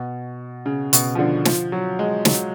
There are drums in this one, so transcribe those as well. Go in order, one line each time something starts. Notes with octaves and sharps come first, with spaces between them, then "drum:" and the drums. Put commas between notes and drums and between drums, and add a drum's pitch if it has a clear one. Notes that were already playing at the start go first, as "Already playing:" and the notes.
Already playing: B2
C#3
B2, drum: hi-hat
F3
D3
F3, drum: snare
F#3
G#3
F#3, drum: snare